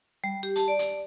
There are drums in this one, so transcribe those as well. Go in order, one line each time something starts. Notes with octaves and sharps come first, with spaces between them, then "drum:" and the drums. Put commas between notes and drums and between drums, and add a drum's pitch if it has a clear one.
G3
G4
A5, drum: hi-hat
D5
drum: hi-hat